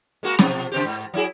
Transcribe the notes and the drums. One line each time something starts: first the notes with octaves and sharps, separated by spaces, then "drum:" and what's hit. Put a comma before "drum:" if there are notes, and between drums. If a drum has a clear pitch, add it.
G#3 A#3 F#4
B2 F3, drum: snare
C#3 C4 G4
G#2
F#3 E4 G#4